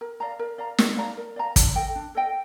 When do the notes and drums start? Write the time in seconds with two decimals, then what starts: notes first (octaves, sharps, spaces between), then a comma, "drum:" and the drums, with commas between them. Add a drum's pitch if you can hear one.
0.01 A#4
0.20 D5 F5 A#5
0.39 A#4
0.58 D5 F5 A#5
0.78 A#4, drum: snare
0.97 D5 F5 A#5
1.17 A#4
1.36 D5 F5 A#5
1.56 D4, drum: kick, hi-hat
1.76 A4 D#5 G5
1.95 D4
2.15 A4 D#5 G5